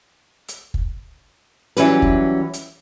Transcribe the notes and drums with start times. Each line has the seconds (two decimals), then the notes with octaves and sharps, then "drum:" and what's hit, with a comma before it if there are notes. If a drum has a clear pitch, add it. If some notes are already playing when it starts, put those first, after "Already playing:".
0.48 drum: hi-hat
0.74 drum: kick
1.77 E3 F#3 G3 C#4 G4 B4, drum: hi-hat
2.02 drum: kick
2.53 drum: hi-hat